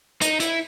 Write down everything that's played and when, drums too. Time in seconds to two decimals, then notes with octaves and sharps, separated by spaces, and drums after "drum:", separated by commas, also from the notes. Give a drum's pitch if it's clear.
0.21 D#4, drum: hi-hat
0.40 E4, drum: hi-hat